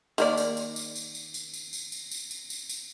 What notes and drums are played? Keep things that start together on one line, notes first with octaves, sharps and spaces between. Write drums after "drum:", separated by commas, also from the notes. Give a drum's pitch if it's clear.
D#3 A#3 D5, drum: tambourine
drum: tambourine
drum: tambourine
drum: tambourine
drum: tambourine
drum: tambourine
drum: tambourine
drum: tambourine
drum: tambourine
drum: tambourine
drum: tambourine
drum: tambourine
drum: tambourine
drum: tambourine